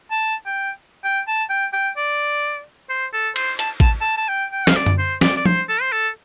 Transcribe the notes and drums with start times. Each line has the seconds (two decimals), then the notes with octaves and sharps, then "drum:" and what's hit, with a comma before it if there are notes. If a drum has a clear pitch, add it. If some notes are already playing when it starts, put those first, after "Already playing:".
0.11 A5
0.46 G5
1.04 G5
1.27 A5
1.50 G5
1.73 G5
1.97 D5
2.90 C5
3.13 A4
3.36 C5, drum: cymbal
3.59 A5, drum: hi-hat
3.80 A5, drum: kick A1
4.01 A5
4.17 A5
4.28 G5
4.52 G5
4.67 F5, drum: snare
4.76 D5
4.86 drum: tom F#2
4.98 C5
5.21 D5, drum: snare
5.37 D5
5.46 C5, drum: tom F3
5.69 A4
5.81 C5
5.92 A4